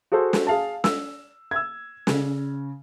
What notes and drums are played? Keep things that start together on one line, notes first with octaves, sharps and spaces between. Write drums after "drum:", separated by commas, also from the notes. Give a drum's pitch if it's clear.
F#4 G#4 A4 C5
drum: snare
G#4 F5 A5
E6, drum: snare
E6 G#6
C#3, drum: snare